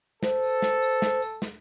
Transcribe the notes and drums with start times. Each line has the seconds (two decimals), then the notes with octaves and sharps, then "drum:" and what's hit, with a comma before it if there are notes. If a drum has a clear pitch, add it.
0.23 A4 C5, drum: snare
0.42 drum: tambourine
0.62 drum: snare
0.82 drum: tambourine
1.02 drum: snare
1.22 drum: tambourine
1.42 drum: snare